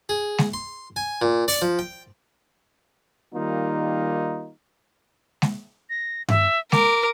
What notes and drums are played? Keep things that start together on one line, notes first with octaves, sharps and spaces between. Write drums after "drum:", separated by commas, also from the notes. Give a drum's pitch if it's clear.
G#4
drum: snare G#3
C6
G#5
A#2
D5, drum: open hi-hat
F3
G5
D#3 G3 A#3 D#4 F4
drum: snare G#3
A#6
E5, drum: tom G2
A#4 D6, drum: snare G#3